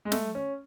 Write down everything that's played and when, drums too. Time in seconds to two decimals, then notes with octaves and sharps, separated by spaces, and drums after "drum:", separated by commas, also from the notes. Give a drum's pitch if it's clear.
0.05 G#3
0.12 A3, drum: snare
0.35 C#4